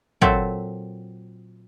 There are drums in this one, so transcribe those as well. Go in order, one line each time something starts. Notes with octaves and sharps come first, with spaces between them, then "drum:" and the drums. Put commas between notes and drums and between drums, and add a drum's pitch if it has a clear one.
A#2 F#3 C4 A4 D5 E5, drum: kick